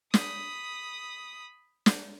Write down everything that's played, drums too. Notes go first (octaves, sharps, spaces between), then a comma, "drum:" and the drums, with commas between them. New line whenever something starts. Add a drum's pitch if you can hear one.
B5 D#6, drum: snare
drum: snare